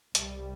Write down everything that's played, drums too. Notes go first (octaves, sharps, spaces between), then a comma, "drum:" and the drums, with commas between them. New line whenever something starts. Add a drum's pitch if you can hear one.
C2 C3 G3, drum: hi-hat